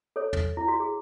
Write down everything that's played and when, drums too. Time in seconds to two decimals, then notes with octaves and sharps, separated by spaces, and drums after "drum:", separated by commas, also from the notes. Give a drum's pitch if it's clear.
0.16 A4 C#5
0.33 drum: tom
0.57 E4
0.68 F#4
0.80 G#4